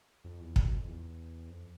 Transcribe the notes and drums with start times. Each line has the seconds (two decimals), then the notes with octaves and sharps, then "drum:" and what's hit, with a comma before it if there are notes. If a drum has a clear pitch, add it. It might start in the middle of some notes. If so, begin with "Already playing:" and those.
0.24 F2
0.40 E2
0.56 F2, drum: kick
0.65 F#2
0.76 F2
0.87 E2
1.49 F2